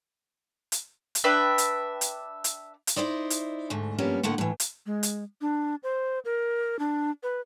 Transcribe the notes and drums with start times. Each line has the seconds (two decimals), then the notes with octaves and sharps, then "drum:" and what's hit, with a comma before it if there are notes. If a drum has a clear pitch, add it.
0.72 drum: hi-hat
1.15 drum: hi-hat
1.24 D4 B4 E5 G5
1.58 drum: hi-hat
2.01 drum: hi-hat
2.44 drum: hi-hat
2.87 drum: hi-hat
2.96 D#4 E4 C5 D5 D#5
3.30 drum: hi-hat
3.70 D2 G#2 A3
3.98 G2 F3 G3 A#3 B3 C#4
4.23 A2 D3 A3 A#3 F#5
4.38 A2 E3
4.60 drum: hi-hat
4.86 G#3
5.03 drum: hi-hat
5.41 D4
5.83 C5
6.25 A#4
6.79 D4
7.23 B4